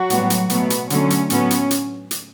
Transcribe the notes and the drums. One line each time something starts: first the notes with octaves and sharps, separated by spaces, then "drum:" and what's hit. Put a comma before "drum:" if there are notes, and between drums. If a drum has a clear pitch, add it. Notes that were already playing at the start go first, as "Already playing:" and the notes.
Already playing: F#3 F#4
A2 G3 B3, drum: hi-hat
drum: hi-hat
B2 F#3 A3 B3, drum: hi-hat
drum: hi-hat
D3 F#3 A3 C#4, drum: hi-hat
drum: hi-hat
A2 F#3 B3 C#4, drum: hi-hat
drum: hi-hat
drum: hi-hat
drum: hi-hat